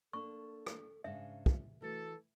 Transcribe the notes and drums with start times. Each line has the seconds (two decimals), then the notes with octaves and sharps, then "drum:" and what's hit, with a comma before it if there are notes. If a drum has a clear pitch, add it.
0.13 A#3 D4 A4 C#6
0.66 drum: rim click
1.04 G#2 C#3 D4 E5 F5
1.46 drum: kick
1.82 E3 A3 F#4 A4